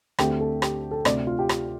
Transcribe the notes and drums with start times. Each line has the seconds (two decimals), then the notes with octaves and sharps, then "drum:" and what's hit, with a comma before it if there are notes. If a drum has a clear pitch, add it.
0.19 D2 D3 A3 C4 G4, drum: rim click
0.40 A4
0.62 G4, drum: rim click
0.91 A4
1.05 D2 C3 A3 D5, drum: rim click
1.27 F4
1.39 G4
1.49 G4, drum: rim click